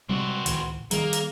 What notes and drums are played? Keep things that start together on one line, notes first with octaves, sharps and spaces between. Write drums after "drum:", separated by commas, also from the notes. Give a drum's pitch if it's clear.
C3 G3 G#3 C4 F#4
C#2 A2 D#3, drum: hi-hat
D#3 G3 A#3 G#4, drum: hi-hat
drum: hi-hat